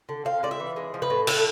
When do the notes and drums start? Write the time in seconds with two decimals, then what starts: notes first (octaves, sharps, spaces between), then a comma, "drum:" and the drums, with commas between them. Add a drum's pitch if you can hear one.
0.09 D3
0.25 C4 F5
0.43 G#3 D5
0.51 E5
0.60 E3
0.76 G#3
0.94 F3
1.02 B4
1.10 A2
1.27 A3 A4, drum: cymbal